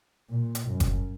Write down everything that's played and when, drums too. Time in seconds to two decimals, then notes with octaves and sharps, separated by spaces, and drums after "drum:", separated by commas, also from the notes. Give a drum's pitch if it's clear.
0.29 A#2
0.55 drum: hi-hat
0.68 F#2
0.80 drum: kick F#1, hi-hat